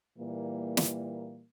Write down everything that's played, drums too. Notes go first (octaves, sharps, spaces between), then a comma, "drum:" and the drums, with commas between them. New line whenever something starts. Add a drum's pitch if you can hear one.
A#2 E3 G3 A#3
drum: snare